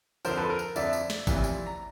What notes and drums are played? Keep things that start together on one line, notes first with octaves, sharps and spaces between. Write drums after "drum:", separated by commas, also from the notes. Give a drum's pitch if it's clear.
F2 D3 F3 A#4 C5, drum: tambourine
A4 B4
A#4
drum: tambourine
F2 D3 F3 D5 E5, drum: tambourine
drum: tambourine
drum: snare
F#1 F2 C3 E3, drum: kick G#1, tambourine
drum: tambourine
A#5